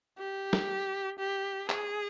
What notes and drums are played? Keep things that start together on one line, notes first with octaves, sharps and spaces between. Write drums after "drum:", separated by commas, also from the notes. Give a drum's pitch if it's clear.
G4
drum: snare
G4
G#4, drum: clap